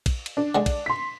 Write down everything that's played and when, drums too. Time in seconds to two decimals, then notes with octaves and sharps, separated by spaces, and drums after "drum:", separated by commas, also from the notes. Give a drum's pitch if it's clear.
0.06 drum: kick, cymbal
0.26 drum: cymbal
0.37 D4
0.55 D3 G#3
0.66 drum: kick, cymbal
0.86 C6 B6